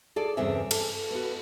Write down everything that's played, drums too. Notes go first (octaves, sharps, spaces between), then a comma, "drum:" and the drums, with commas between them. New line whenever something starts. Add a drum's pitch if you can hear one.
G#4 A4 D5
E2 G2 C#3 C4 G#4 E5
A4, drum: cymbal
B3 F#4